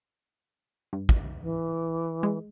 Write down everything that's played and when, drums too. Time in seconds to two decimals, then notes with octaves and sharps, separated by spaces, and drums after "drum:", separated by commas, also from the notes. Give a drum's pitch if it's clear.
0.93 G2
1.09 drum: kick
1.41 E3
2.23 G#3